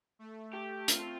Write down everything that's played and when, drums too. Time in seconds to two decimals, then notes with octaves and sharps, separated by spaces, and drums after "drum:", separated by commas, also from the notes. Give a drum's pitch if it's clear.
0.19 A3
0.53 G4
0.88 C4 F4, drum: hi-hat